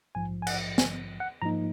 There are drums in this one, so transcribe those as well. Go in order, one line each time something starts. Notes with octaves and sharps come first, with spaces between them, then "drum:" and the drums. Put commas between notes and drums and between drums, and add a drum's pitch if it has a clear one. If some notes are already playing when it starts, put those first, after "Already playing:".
A#1 G#2 F3 G#5
G#5
F#5, drum: cymbal
G#5, drum: snare
F#5
G#2 F3 A#3 D#4 A#5